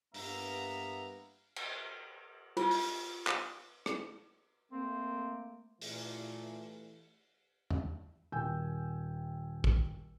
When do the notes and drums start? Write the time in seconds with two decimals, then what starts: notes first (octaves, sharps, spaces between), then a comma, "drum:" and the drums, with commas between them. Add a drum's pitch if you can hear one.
0.14 G2 A#3 B3 E5 A#5, drum: open hi-hat
1.56 drum: cymbal
2.57 F4, drum: cymbal
2.71 drum: open hi-hat
3.27 drum: clap
3.86 drum: rim click
4.72 A3 A#3 C4
5.82 A#2 E3 A3, drum: open hi-hat
7.70 drum: tom E2
8.32 D#1 G5 G#5 E6 G6
9.64 drum: kick